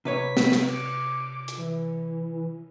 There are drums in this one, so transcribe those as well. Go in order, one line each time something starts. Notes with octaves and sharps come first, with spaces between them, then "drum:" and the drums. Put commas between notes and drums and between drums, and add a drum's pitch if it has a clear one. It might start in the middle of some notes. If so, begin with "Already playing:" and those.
C3 B4 C#5 B6
drum: snare
drum: snare
D6, drum: cymbal
drum: hi-hat
E3